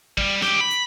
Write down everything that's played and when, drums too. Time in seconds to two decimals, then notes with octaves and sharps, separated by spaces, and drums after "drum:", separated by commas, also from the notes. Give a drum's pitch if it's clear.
0.18 G3, drum: kick
0.42 C#2 G4, drum: snare
0.60 B5
0.71 drum: hi-hat